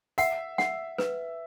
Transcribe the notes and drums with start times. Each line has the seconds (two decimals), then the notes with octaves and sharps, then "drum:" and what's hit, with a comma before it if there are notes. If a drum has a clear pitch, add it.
0.18 E5 F#5, drum: hi-hat
0.58 F#5, drum: snare
0.98 B4, drum: snare